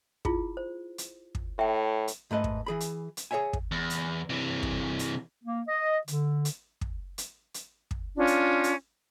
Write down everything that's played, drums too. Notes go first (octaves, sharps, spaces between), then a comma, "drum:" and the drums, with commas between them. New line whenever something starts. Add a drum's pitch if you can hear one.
E4 F4 G#4, drum: kick
C5
drum: hi-hat
drum: kick
A2 E5 G5
drum: hi-hat
G#2 A3 B4 D#5
drum: kick
E3 G#4 B5
drum: hi-hat
drum: hi-hat
G#4 A4 C#5 E5 G#5
drum: kick
E2
drum: hi-hat
C3 E3
drum: kick
drum: hi-hat
A#3
D#5
D3, drum: hi-hat
drum: hi-hat
drum: kick
drum: hi-hat
drum: hi-hat
drum: kick
C#4 D4 F4
drum: hi-hat
drum: hi-hat